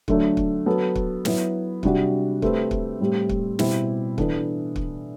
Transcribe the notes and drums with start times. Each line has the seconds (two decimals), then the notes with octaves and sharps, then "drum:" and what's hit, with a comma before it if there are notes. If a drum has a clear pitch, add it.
0.08 D3 F#3 A3 D4, drum: kick
0.37 drum: kick
0.66 F#3 B3 F#4 A4
0.96 drum: kick
1.25 F#3 B3 E4, drum: snare
1.83 C3 G3 D4 F#4, drum: kick
2.42 A3 C4 G4 B4, drum: kick
2.71 drum: kick
3.00 A2 G3 C4 G4
3.29 drum: kick
3.59 B2 G3 C4 E4 G4, drum: snare
4.18 E3 B3 D4 A4, drum: kick
4.76 drum: kick